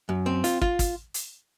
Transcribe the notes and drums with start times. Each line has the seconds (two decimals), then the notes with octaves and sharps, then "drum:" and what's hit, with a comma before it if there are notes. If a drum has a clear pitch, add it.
0.09 F#2
0.26 C4
0.44 F4, drum: hi-hat
0.61 F4, drum: kick
0.79 drum: kick, hi-hat
1.14 drum: hi-hat